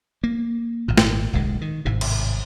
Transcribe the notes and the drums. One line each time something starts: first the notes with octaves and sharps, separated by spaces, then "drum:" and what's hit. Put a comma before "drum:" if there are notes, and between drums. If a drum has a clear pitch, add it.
A#3
G#1 A#2
drum: snare
D1 B1 D3 G#3
D#3
G#1 A2 C3
drum: cymbal